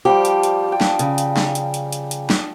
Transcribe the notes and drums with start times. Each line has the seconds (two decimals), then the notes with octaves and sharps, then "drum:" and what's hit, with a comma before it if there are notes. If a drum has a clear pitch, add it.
0.05 F3 G3 G4 G5
0.25 drum: hi-hat
0.43 drum: hi-hat
0.68 G5 A5
0.81 drum: snare
0.99 C#3, drum: hi-hat
1.18 drum: hi-hat
1.37 drum: snare
1.55 drum: hi-hat
1.74 drum: hi-hat
1.93 drum: hi-hat
2.11 drum: hi-hat
2.30 drum: snare